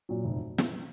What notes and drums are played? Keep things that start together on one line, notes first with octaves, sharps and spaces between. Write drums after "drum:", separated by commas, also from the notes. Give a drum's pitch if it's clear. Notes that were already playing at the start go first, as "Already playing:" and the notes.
A#2 F#3
F1
drum: snare